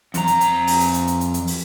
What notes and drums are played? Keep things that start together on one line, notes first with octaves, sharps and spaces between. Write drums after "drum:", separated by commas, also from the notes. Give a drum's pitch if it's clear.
F2 A#5, drum: hi-hat
drum: hi-hat
drum: hi-hat
drum: open hi-hat
drum: hi-hat
drum: hi-hat
drum: hi-hat
drum: hi-hat
drum: hi-hat
drum: open hi-hat